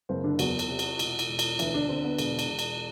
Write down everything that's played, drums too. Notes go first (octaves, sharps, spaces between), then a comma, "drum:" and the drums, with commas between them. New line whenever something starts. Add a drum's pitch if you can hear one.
F#1 C4
D3 D4
E2 F#3 F#4, drum: cymbal
drum: cymbal
C3
drum: cymbal
E1, drum: cymbal
drum: cymbal
E1
drum: cymbal
D2 E3 E4, drum: cymbal
D3 D4
D3 C4
B3
E1, drum: cymbal
drum: cymbal
E1
drum: cymbal